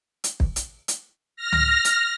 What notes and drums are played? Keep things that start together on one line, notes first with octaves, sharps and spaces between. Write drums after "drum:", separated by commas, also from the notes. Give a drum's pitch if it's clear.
drum: hi-hat
drum: kick
drum: hi-hat
drum: hi-hat
F6 A#6
drum: tom C#2
drum: hi-hat